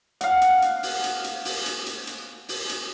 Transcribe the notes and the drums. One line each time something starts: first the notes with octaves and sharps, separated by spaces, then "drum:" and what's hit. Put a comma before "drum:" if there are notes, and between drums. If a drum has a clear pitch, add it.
F5 F#5, drum: hi-hat
drum: hi-hat
drum: hi-hat
drum: open hi-hat
drum: hi-hat
drum: hi-hat
drum: open hi-hat
drum: hi-hat
drum: hi-hat
drum: hi-hat
drum: open hi-hat
drum: hi-hat